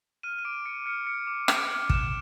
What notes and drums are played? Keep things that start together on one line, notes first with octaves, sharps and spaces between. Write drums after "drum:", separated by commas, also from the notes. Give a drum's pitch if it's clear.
F6 D#7
D#7
D6 D7
D6 C#7
F6 C#7
F6 C#7
D6
D6 D7, drum: rim click
F6
F#6 E7, drum: kick